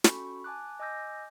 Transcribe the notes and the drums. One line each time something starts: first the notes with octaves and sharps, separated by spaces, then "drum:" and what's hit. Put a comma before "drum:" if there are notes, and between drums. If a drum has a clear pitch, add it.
C#4 F#4 A4 B5 C#6, drum: snare
G#5 A5 D6 F#6
D#5 G#5 D6 E6 G6 A#6